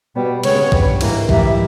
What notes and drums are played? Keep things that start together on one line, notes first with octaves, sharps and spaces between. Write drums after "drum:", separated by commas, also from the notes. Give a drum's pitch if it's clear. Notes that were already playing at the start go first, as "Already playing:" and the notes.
B2 G3 B3
C#3 G#3 B3 C#5, drum: cymbal
G2 G3 B3, drum: kick A#1
G#2 E3 A#3, drum: cymbal
G#2 E3 G3 A#3 E5, drum: kick A#1